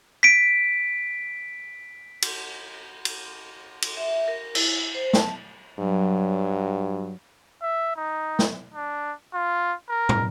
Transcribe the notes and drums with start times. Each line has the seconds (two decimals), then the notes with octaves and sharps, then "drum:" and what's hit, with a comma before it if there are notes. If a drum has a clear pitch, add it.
0.23 B6 D7
2.22 drum: cymbal
3.05 drum: cymbal
3.82 drum: cymbal
3.97 E5
4.28 A#4
4.55 E4, drum: cymbal
4.95 C5
5.13 A5, drum: snare
5.79 G2 F#3
7.62 E5
7.96 D#4
8.39 drum: snare
8.74 D4
9.34 F4
9.89 A#4
10.09 drum: tom